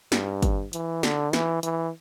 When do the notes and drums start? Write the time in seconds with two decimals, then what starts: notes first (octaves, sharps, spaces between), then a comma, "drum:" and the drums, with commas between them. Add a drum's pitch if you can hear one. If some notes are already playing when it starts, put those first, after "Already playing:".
0.12 G2, drum: snare
0.42 drum: kick G#1, hi-hat
0.73 E3, drum: hi-hat
1.03 D3, drum: snare
1.33 E3, drum: snare
1.63 E3, drum: hi-hat